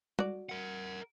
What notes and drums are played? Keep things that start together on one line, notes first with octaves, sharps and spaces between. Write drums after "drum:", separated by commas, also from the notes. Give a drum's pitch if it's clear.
F#4 D5, drum: tom G3
A#4 F#5